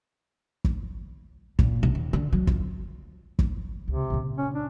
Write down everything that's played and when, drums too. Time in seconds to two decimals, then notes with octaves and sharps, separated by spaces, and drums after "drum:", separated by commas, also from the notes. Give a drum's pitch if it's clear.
0.64 drum: kick
1.59 A#2, drum: kick
1.83 B1
1.95 D#2
2.13 D3
2.32 F#3
2.47 F2, drum: kick
3.39 drum: kick
3.88 C#2 C3
4.10 A#2 C#3
4.38 C#4
4.54 D4